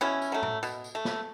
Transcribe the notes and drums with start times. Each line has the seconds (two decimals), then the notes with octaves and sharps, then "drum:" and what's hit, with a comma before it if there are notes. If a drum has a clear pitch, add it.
0.01 B2 C#4 E4
0.22 drum: tambourine
0.32 F#3 A3
0.42 drum: tom
0.63 B2, drum: tambourine
0.84 drum: tambourine
0.95 A3
1.05 drum: snare